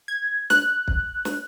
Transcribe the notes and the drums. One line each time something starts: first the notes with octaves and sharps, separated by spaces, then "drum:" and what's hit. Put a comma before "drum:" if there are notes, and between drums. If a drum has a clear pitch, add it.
G#6
F#6, drum: snare
drum: kick
drum: snare